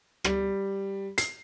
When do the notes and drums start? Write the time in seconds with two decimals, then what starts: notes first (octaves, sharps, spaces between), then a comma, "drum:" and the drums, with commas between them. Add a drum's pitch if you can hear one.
0.24 G3, drum: rim click
1.18 C7, drum: hi-hat